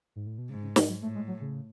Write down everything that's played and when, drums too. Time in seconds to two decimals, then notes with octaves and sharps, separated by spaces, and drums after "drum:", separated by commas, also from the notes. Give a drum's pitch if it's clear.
0.16 G#2
0.27 A2
0.38 B2
0.50 G#2 C#3
0.63 C#3
0.76 F3, drum: snare
0.89 F#3
1.02 A2 A3
1.15 G#3
1.28 F#3
1.41 C#3